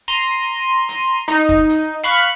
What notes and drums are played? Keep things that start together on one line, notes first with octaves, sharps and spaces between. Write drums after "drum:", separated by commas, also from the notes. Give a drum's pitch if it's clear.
A#5 C6 D#7
drum: hi-hat
D#4, drum: hi-hat
drum: kick
drum: hi-hat
F5 B5 C#6 F#6